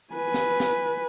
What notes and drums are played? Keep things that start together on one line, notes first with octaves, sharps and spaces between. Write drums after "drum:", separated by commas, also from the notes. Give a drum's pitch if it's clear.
B4 G#5
drum: snare
drum: snare